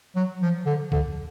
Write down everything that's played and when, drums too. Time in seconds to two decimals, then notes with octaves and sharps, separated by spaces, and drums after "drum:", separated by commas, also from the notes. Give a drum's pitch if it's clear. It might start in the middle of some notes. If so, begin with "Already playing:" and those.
0.16 F#3
0.42 F3
0.66 D3
0.92 D3, drum: kick C#2